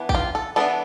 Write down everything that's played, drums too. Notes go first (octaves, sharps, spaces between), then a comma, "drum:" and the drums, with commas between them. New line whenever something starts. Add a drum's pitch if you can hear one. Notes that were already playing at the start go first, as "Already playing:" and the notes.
Already playing: E3 B3 D4
G4, drum: kick A1
F4
A4
E3 B3 D4 A4